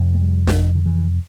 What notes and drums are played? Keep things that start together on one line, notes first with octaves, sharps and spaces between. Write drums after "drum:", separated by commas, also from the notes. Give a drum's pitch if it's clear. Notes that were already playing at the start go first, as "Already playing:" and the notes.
Already playing: F2 C3
A3
G3
drum: snare
D3
E3